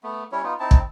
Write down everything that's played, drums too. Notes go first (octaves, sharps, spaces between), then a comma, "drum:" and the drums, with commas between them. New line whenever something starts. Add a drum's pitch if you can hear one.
A3 B3
G3 C#4 E4 C#5
B3 D#4 F4
C4 D#4 E4 A5
drum: kick